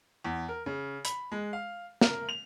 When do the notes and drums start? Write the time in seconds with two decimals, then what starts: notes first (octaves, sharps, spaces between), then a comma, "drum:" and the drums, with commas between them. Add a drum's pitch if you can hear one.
0.24 E2
0.49 A#4
0.66 C#3
1.05 B5, drum: hi-hat
1.32 G#3
1.53 F5
2.01 A#4, drum: snare
2.29 F7